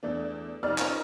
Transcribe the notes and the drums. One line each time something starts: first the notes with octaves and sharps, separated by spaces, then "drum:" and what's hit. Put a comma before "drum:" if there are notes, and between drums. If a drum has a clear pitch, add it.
E2 A3 D4
C2 F2 D#4 D5 F6
C#4 D#4 F4 A#4 C5 D#5, drum: clap